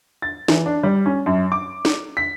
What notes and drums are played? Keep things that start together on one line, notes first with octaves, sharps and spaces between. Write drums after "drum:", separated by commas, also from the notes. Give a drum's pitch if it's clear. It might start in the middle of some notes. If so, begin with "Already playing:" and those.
A6
E3, drum: snare
D4
G3
C#4
F#2
D6
drum: snare
B6